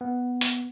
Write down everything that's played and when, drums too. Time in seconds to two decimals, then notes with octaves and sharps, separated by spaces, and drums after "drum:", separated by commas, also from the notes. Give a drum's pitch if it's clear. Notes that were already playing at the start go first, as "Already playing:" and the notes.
0.01 B3
0.41 drum: hi-hat